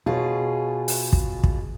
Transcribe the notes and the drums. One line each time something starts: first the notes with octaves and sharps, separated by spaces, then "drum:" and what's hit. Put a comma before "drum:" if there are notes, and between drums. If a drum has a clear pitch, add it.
B2 F4 G#4 C#5
drum: open hi-hat
drum: kick
drum: kick